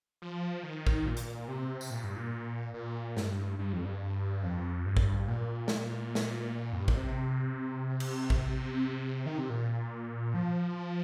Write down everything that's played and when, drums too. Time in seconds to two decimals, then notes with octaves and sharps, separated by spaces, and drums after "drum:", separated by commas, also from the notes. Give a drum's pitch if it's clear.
0.22 F3
0.63 D#3
0.87 drum: kick A1
1.06 A#2
1.17 drum: hi-hat
1.48 C3
1.81 drum: tambourine
1.90 A#2
2.04 G2
2.16 A#2
2.74 A#2
3.17 G2, drum: snare
3.59 G2
3.73 F2
3.85 G2
4.43 F2
4.85 G2
4.97 drum: kick A1
5.28 A#2
5.68 drum: snare
6.15 drum: snare
6.73 F2
6.80 G2
6.88 A#2, drum: kick A1
6.96 C3
8.00 drum: cymbal
8.30 drum: kick A1
9.26 D#3
9.38 C3
9.50 A#2
10.34 F3